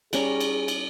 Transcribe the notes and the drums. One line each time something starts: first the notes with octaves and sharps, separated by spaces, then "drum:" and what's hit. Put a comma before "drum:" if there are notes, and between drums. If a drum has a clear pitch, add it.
G3 C#4 G#4 A#5, drum: cymbal
drum: cymbal
drum: cymbal